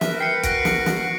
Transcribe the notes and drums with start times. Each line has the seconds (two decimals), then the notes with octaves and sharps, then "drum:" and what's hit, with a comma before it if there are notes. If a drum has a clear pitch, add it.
0.01 A#4 B4 E5, drum: snare
0.20 G5 C7 C#7
0.43 F#4 F#6 A#6 D7, drum: kick, hi-hat
0.65 drum: snare
0.86 drum: snare